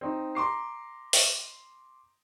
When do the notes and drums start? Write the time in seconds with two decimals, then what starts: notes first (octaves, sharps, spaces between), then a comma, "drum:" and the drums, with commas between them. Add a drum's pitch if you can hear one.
0.01 C4 D#4
0.35 A#5 C6 D6 C7
1.13 drum: open hi-hat